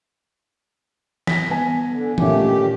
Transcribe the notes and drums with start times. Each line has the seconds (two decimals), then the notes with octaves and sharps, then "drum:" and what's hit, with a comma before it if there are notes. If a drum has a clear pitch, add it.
1.27 A#6 B6, drum: snare
1.50 B3 G#5
1.91 D3
2.18 A#2 D#3 A3 C#4 G4 A#4, drum: tom